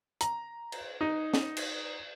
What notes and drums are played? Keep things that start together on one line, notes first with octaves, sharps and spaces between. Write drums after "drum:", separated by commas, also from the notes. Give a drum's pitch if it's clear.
A#5, drum: hi-hat
drum: cymbal
D#4
drum: snare
drum: cymbal